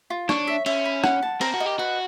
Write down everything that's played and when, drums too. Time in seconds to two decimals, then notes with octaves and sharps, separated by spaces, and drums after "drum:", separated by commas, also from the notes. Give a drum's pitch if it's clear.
0.10 F4
0.29 D4 C#5, drum: rim click
0.47 E5
0.66 C#4 E5, drum: cymbal
0.85 B5
1.04 F#5, drum: rim click
1.22 A5
1.41 C4 A#4, drum: cymbal
1.54 F#4
1.60 D#5
1.66 G4
1.79 F#4 B4